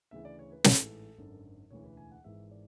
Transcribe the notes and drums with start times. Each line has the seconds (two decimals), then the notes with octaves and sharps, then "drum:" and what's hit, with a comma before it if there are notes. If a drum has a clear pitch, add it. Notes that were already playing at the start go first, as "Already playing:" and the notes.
0.11 D2 C#3 E3 E5
0.25 D5
0.39 C#5
0.52 B4
0.64 A1 G#2 E3 A4, drum: snare
1.18 G#1 F#2 D3
1.71 E1 D2 C#3 E3 C#5
1.84 B4
1.97 G#5
2.11 F#5
2.24 G#1 G#2 E3 E5
2.51 D5